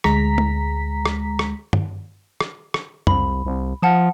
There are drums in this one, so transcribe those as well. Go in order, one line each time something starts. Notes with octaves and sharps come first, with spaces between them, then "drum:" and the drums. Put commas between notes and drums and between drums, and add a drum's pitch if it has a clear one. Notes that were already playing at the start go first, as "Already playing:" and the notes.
D2 G#3 A#5 B6, drum: rim click
drum: tom
drum: rim click
drum: rim click
drum: tom G2
drum: rim click
drum: rim click
C2 B5, drum: tom F2
C2
F3 F#5 A5 D#6